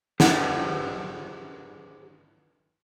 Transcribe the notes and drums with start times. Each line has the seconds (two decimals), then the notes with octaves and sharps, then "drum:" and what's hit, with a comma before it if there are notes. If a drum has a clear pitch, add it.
0.20 G4 G#4 C5 F#5, drum: snare